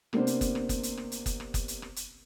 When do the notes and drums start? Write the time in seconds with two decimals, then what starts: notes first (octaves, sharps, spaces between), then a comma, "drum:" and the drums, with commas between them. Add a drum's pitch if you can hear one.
0.13 C3 A#3 B3 D4 C5, drum: rim click
0.27 drum: hi-hat
0.41 drum: kick F#1, hi-hat
0.55 drum: rim click
0.69 drum: kick F#1, hi-hat
0.83 drum: hi-hat
0.97 drum: rim click
1.12 drum: hi-hat
1.26 drum: kick F#1, hi-hat
1.40 drum: rim click
1.54 drum: kick F#1, hi-hat
1.68 drum: hi-hat
1.82 drum: rim click
1.96 drum: hi-hat